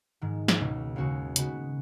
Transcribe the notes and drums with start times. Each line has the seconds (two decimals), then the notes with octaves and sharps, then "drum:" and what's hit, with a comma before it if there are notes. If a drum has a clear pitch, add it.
0.21 G#2 D#3 G#3
0.48 drum: snare
0.60 C#2 B2 A#3
0.96 D#2 C#3 G#3 C#4 F#4
1.36 C#3 G#3 B3 F#4, drum: hi-hat